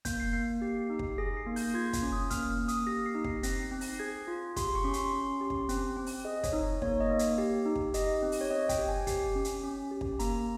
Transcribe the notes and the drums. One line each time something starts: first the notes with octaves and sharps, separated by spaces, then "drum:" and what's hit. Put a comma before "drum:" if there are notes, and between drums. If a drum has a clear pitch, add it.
A#3 G6, drum: kick, hi-hat
C7
A#3 C7
C7
G4
D#4
drum: kick
G#4 A#6
C7
A#3
G6, drum: open hi-hat
F4 G#6
drum: kick, hi-hat
C#4
D#6
A#3 F6, drum: kick, hi-hat
F6
A#3
D#6, drum: hi-hat
G4 A#6
C7
D#4
C7, drum: kick
C4 A#6, drum: hi-hat
C7
C4
A#6, drum: open hi-hat
G#4 G#6
F4
G4 C6, drum: kick, hi-hat
C#6
C#4
C6, drum: hi-hat
C#4
G4
drum: kick
C4, drum: hi-hat
C4
drum: open hi-hat
G#4 D#5
C#5, drum: kick, hi-hat
D#4
A#3 C#5, drum: kick
D#5
A#3
drum: hi-hat
G4
D#4
drum: kick
G4 D#5, drum: hi-hat
C4
drum: open hi-hat
C#5
C4 D#5
G5, drum: kick, hi-hat
G4
G#5
G4, drum: kick, hi-hat
C#4
drum: hi-hat
C#4
G4
drum: kick
A#3 A#5, drum: hi-hat